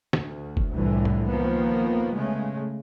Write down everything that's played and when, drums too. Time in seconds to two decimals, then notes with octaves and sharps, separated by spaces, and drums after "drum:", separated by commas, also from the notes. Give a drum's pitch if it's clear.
0.13 D2, drum: snare
0.57 drum: kick F#1
0.72 C2 F2 A2 D3 E3
1.05 drum: tom
1.26 D#3 F3 A#3 B3
2.13 C#3 G#3 A3